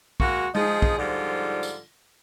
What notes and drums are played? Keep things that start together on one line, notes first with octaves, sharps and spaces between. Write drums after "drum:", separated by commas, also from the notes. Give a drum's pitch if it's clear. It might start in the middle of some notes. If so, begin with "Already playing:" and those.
G#3 A#3 F#4, drum: kick
F3 D#4 G#4, drum: tom G#3
drum: kick
G#2 D3 F3 G3 F4
drum: tambourine